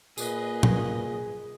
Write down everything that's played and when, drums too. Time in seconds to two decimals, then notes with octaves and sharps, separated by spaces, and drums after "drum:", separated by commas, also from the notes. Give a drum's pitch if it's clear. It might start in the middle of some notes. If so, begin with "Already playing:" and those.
0.18 A#2 G#4 B4 D#5, drum: tambourine
0.63 drum: tom A#2